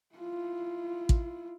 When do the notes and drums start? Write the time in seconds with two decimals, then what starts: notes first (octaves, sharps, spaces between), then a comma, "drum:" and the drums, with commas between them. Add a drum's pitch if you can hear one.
0.15 E4 F4
1.09 drum: kick